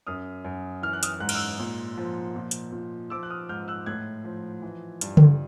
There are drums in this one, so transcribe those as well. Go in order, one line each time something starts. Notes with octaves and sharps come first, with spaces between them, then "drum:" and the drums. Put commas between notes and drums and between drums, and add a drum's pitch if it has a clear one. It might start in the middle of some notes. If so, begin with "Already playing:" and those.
F#2 D#6 F6
F#2
E3 F6
F#6
D#6 F6, drum: hi-hat
G#2 F#6
F6, drum: cymbal
E6 F#6
A#2
F3
A#2
drum: hi-hat
A#2
F3 D6 E6
F#6
D#6 F6
G#2 F6 G6
E6 F#6
A2 F#6 G#6
F3
E3
G2, drum: hi-hat
drum: tom C#3